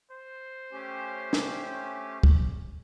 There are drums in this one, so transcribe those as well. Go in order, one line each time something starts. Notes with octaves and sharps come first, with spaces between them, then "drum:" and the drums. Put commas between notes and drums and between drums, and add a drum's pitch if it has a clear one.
C5
A3 C#4 G4
drum: snare
drum: kick